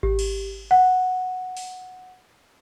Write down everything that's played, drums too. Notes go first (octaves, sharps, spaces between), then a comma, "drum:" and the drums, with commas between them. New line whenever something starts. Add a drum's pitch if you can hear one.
G4, drum: kick G#1
drum: cymbal
F#5
drum: open hi-hat